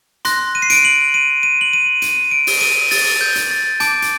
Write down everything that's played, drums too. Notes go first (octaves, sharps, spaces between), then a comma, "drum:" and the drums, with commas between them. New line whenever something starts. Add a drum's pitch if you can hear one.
C6 F#6 A#6, drum: hi-hat
D#7
C7
D7, drum: hi-hat
D#7
F#7
D#7
D#7
F#7
D#7
D#7, drum: hi-hat
D7
drum: open hi-hat
D#7
A6, drum: open hi-hat
G6
drum: hi-hat
A6
A5 D6 G6 D7, drum: hi-hat
drum: hi-hat